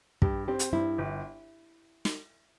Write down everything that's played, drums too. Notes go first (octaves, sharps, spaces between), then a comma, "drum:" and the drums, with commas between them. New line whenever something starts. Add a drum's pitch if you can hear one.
G2 G4, drum: kick
C4 G4
drum: hi-hat
G2 E4
G1
drum: snare